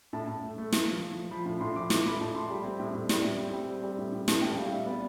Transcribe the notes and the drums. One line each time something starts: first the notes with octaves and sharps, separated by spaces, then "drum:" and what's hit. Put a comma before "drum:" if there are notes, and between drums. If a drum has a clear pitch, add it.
A2 A5
A2
A3
A3
A3, drum: snare
F3
F3
F3
F3 B5
A2
A2 C6
F3 D6
A2 D6, drum: snare
A2 B5
A2 A5
A2 C6
G3 B5
C4
A2
A2
G3, drum: snare
A2
C4
G3
C4
G3
A2
A2
A2 A5, drum: snare
A2 G5
G3 F5
A2 E5
B3 D5